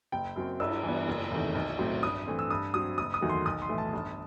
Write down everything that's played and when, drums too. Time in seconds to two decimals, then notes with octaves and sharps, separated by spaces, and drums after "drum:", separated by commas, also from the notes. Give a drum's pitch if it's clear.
0.12 F#1 G5
0.36 F#2 F#3 C4
0.60 G2 E6, drum: cymbal
0.83 E3 G3 B3
1.08 F#1
1.31 E2 C3 D#3 A3
1.55 B1
1.79 A2 F#3 A3 C4
2.02 G2 D#6
2.26 E3 A3 C4
2.39 E6
2.50 G2 D#6
2.74 F#3 C4 D#6
2.98 F#1 D#6
3.14 D#6
3.21 E2 D#3 F#3 A3
3.29 C6
3.45 B1 D#6
3.62 C6
3.69 A2 E3 A3
3.78 A5
3.93 G1